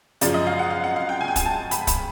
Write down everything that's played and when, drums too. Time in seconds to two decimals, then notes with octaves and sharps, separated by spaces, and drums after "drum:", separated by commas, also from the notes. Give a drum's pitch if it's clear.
0.21 F#2 C#3 F3 D5, drum: hi-hat
0.34 D#5
0.47 F5
0.59 F#5
0.70 F5
0.84 F#5
0.96 F5
1.09 G5
1.21 G#5
1.28 G5
1.36 G#5, drum: kick, hi-hat
1.45 A5
1.71 B5, drum: hi-hat
1.87 B5, drum: kick, hi-hat